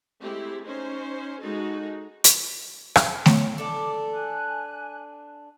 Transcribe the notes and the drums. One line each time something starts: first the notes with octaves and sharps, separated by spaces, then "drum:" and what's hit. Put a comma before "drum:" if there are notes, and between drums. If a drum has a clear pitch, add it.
G#3 A3 C4 E4 G4
C#4 D#4 C5
G#3 D#4 F#4 A4
drum: hi-hat
drum: rim click
C#5, drum: snare A3
D4 A4 D6
G#5 F#6